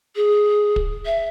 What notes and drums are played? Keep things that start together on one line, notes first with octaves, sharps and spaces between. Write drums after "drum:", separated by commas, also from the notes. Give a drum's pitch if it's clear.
G#4
drum: kick
E5